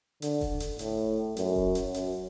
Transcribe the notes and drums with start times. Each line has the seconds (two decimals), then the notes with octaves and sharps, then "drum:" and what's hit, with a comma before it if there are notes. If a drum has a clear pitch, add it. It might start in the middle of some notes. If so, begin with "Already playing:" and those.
0.22 D3, drum: hi-hat
0.41 drum: kick E1, open hi-hat
0.60 drum: hi-hat
0.79 A2, drum: hi-hat
1.37 F#2, drum: hi-hat
1.56 drum: kick E1
1.75 drum: hi-hat
1.94 F#2, drum: hi-hat